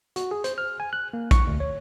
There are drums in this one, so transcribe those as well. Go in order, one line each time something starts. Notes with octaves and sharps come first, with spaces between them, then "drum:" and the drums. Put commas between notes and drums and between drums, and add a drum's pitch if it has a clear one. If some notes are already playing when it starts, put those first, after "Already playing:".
F#4, drum: hi-hat
G#4
C5, drum: hi-hat
F6
G#5
F#6
A#3
C#6, drum: kick, hi-hat
D2
C#5